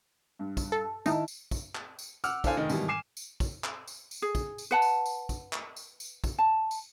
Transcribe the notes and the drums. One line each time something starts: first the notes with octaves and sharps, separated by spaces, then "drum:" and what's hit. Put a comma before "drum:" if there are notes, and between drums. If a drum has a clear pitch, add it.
G2
drum: kick, tambourine
A4
D#3 D#4 E4 A5, drum: tambourine
drum: tambourine
drum: kick, tambourine
drum: clap
drum: tambourine
F#5 D6 E6 F6, drum: tambourine
D4 E4 A4 C5 F5 G#5, drum: kick, tambourine
F1 D#3 D#5
G#2 B2 D#3 E3 G3, drum: tambourine
G#5 D6 C7 E7
drum: tambourine
drum: kick, tambourine
drum: clap
drum: tambourine
drum: tambourine
G#4
drum: kick, tambourine
drum: tambourine
B4 F#5 A5
drum: tambourine
drum: tambourine
drum: kick, tambourine
drum: clap
drum: tambourine
drum: tambourine
drum: kick, tambourine
A5
drum: tambourine